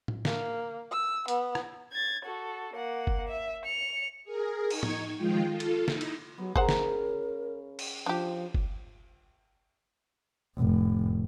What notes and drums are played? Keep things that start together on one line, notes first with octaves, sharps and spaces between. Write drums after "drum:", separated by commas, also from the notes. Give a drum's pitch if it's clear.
drum: tom A2
A#3, drum: snare
E6
B3, drum: hi-hat
drum: rim click
G#6 A6
F#4 A4
A#3 F#5
drum: kick F#1
E5
C#7 F7
G#4 A#4
D#4 C#6 G#6, drum: cymbal
drum: tom
D#3 F3 G#3 F4 G5
F4 A4
drum: cymbal
D#4 E4, drum: snare
drum: cymbal
F#3 B3
C#3 C#4 G#4 A#4 C5 F#5 A#5, drum: kick F#1
drum: snare
drum: cymbal
F3 D4 G4
drum: kick F#1
F1 A2